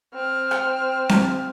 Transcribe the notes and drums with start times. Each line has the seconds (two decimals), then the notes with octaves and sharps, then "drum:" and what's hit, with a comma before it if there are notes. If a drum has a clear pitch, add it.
0.13 C4 F6
0.51 drum: rim click
1.09 drum: snare C4